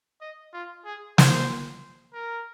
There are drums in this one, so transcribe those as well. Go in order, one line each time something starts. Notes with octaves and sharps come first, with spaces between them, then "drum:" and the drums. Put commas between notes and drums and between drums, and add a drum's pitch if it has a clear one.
D#5
F4
G#4
C5, drum: snare
A#4